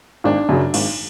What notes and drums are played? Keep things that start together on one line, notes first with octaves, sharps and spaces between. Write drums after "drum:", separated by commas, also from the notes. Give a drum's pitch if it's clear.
G#1 D4
F#2 C#3 F#3
G#1, drum: cymbal